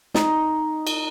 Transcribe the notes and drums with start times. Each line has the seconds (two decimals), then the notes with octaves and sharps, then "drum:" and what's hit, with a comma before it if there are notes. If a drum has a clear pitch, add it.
0.14 D#4, drum: snare
0.87 drum: cymbal